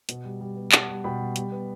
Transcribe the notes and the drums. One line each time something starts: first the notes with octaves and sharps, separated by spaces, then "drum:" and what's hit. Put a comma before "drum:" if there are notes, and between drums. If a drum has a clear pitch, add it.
B2, drum: hi-hat
G3
G3
B3
G3 F#5 A5, drum: clap
G3
B2 G5 B5
G3
G3, drum: hi-hat
B3